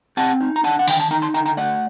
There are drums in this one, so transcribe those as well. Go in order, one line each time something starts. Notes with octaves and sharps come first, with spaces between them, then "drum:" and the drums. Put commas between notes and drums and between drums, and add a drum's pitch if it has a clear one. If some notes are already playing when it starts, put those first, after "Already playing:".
C4 F#5 A5
D#4
A#5
D4 F#5 A5
F#5
D#3 G5, drum: open hi-hat
A5
D#4 G5 A#5
A5 C6
D3 G5 A#5
G5 A#5
A3 D5 F#5